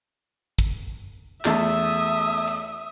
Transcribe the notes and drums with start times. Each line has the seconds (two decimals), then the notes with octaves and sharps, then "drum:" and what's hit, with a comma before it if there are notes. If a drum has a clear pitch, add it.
0.59 drum: kick
1.45 E2 A3 E5 A5 D#6, drum: clap
2.47 drum: hi-hat